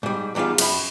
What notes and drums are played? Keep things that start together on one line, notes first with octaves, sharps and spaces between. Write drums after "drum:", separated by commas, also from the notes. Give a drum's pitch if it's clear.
G#2 G3
E2 G#2 G3 F4 F5
F#2 B5, drum: cymbal